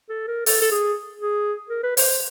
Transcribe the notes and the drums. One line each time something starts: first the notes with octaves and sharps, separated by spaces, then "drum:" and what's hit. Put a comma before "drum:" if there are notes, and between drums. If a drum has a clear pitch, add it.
A4
A#4
A4, drum: open hi-hat
A4
G#4
G#4
A#4
B4
C5, drum: open hi-hat